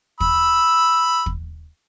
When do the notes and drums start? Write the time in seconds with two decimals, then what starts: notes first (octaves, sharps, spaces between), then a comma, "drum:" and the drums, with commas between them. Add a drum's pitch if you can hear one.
0.20 B5 E6, drum: kick
1.26 drum: kick